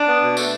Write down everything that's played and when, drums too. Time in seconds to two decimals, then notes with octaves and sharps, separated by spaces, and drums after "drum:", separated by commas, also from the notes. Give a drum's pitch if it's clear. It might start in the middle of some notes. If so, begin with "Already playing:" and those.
Already playing: D4
0.08 B3
0.22 B2
0.37 A3, drum: tambourine